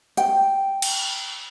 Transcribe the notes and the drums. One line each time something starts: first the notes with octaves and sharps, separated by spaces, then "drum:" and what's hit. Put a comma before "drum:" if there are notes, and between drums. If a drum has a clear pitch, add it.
G5, drum: hi-hat
drum: cymbal